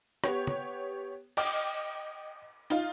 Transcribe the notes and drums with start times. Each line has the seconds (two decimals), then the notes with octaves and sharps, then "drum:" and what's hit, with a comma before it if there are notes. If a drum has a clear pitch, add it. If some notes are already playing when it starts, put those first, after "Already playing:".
0.24 B3 G4 C#5, drum: rim click
0.47 drum: tom
1.37 D#5 G5 D6 F6, drum: cymbal
2.70 D#4 F4, drum: hi-hat